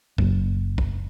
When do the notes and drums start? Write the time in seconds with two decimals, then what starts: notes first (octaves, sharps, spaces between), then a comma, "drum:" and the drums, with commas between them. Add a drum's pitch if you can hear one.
0.18 F#1, drum: kick
0.78 drum: kick